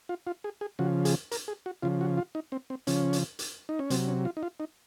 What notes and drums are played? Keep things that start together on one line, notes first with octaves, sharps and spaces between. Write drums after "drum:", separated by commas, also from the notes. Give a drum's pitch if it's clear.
F4
F4
G#4
G#4
C#3 F3 F#4
G#4, drum: hi-hat
A#4, drum: hi-hat
G#4
F#4
C#3 F3 F4
F#4
F4
D#4
C4
C4
C#3 F3 C#4, drum: hi-hat
drum: hi-hat
drum: hi-hat
D#4
C#4
C3 F#3 C4, drum: hi-hat
C#4
F4
D#4
F4
D#4